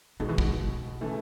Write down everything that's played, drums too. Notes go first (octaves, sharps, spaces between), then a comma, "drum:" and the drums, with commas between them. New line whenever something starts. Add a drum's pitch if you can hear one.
B2 D#3 G#3 D#4 F#4
E3
D#3, drum: kick
C#3 E3 A3